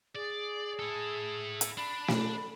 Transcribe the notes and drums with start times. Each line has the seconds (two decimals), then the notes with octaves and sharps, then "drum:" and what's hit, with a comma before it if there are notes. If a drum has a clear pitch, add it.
0.15 G#4 D5
0.79 E4 A4
1.61 drum: hi-hat
1.77 D4 B5
2.08 drum: snare